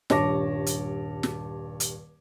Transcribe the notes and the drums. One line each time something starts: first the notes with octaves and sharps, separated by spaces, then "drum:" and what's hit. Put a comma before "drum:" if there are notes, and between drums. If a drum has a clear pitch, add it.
D#1 G2 C#5 A5 D6 A#6, drum: snare
drum: hi-hat
drum: snare
drum: hi-hat